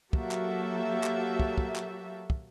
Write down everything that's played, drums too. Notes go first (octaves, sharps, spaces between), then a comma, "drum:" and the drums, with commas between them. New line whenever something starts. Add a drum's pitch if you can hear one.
F#3 A#3 F#4 G4 A4 E5, drum: kick
drum: clap
drum: clap
drum: kick
drum: kick
drum: clap
drum: kick